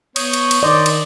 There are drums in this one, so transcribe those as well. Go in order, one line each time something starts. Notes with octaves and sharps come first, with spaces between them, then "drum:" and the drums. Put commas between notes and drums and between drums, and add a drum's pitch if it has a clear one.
B3 C#5 C#6 D#6 G6, drum: cymbal
drum: cymbal
drum: cymbal
D#3 C5 D5 D#5
drum: cymbal